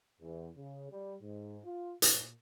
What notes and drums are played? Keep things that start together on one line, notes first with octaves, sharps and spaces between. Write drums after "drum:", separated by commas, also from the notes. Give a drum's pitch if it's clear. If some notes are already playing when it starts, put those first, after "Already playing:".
E2
C#3
G3
G#2
F4
A#2, drum: hi-hat